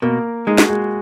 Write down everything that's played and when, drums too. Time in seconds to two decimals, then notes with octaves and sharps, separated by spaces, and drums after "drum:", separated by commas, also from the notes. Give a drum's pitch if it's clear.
0.02 B2 A#3 A#4
0.47 G#3 D#4 G#4
0.58 F#4, drum: snare
0.69 G#3 G#4